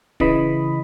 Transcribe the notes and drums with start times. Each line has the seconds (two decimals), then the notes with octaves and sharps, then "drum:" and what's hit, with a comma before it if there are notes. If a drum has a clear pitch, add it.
0.20 C#3 E3 D#5 B5, drum: kick